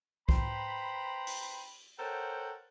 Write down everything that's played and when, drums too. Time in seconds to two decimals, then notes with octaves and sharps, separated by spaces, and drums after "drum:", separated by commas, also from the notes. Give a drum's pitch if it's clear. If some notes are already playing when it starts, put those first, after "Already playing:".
0.29 B4 C5 G5 A#5 B5, drum: kick
1.27 drum: open hi-hat
1.98 A4 A#4 C5 C#5 F#5 G5